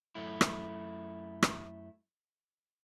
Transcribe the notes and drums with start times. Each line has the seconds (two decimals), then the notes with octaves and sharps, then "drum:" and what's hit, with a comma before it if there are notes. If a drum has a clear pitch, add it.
0.15 F#2 A3 E4
0.41 drum: rim click
1.43 drum: rim click